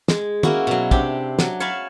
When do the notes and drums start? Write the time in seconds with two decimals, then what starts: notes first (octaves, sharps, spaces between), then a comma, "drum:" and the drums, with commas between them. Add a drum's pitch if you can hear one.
0.08 G#3, drum: snare
0.43 A#3 C#4 E4 F#4, drum: tom
0.67 B2 F#3
0.91 C3 D4 G4, drum: kick
1.39 F#3, drum: snare
1.60 C#5 F5 G#5 A5 B5